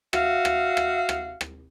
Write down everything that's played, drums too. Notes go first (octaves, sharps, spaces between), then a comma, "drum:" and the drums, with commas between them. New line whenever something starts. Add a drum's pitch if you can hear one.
F#4 E5 F5, drum: rim click
drum: rim click
drum: rim click
drum: rim click
drum: rim click